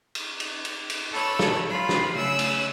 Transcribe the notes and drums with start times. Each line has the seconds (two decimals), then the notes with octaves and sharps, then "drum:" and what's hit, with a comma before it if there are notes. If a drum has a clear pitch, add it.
0.15 drum: cymbal
0.40 drum: cymbal
0.65 drum: cymbal
0.90 drum: cymbal
1.11 A4 C#5 B5 E6
1.39 drum: snare
1.69 F4 B5
1.89 drum: snare
2.14 C#3 A3 E5 E6 F#6
2.39 drum: cymbal